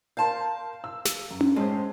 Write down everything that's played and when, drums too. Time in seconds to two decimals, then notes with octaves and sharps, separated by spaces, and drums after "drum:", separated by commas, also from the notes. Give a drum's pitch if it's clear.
0.17 A#4 F5 A5 C6 G6
0.84 E6
1.05 drum: snare
1.31 F#2
1.41 drum: tom C#4
1.56 A2 G#3 C#4 C5